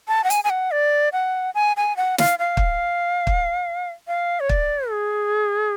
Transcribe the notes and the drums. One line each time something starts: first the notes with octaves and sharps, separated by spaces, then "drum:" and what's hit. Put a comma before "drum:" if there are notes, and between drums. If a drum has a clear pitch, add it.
A5
F#5
G#5, drum: hi-hat
G#5
F#5
D5
F#5
G#5
G#5
F#5
F5, drum: snare
F5
drum: kick
drum: kick
F5
C#5
D5, drum: kick
G#4